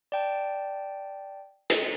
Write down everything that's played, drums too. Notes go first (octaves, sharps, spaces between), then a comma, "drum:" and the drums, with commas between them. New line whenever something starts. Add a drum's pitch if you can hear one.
D5 G5 A5
drum: hi-hat